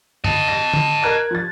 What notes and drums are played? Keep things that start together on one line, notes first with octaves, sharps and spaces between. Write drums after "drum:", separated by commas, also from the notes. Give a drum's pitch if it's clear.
D#5 A5, drum: tom F#2
A#6
drum: tom D3
A#4 F#6 G#6
F3 A6